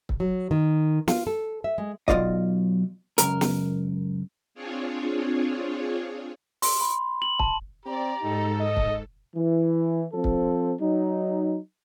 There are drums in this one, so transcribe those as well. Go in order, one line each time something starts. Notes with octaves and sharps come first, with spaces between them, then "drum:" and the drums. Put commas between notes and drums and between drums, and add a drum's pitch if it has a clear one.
drum: kick
F#3
D#3
F4, drum: snare
A4
E5
G#3
B1 E3 F4 D5 D#5, drum: kick
C#2 F#2 A#4, drum: hi-hat
drum: snare
C4 D4 F4 G#4 C#5
C6, drum: open hi-hat
B5
F#7
A5, drum: kick
C4 G4 D5 A#5
G#2 D#4 A4
D#5
drum: kick
E3
F3 C4 A4
drum: kick
F#3 D#4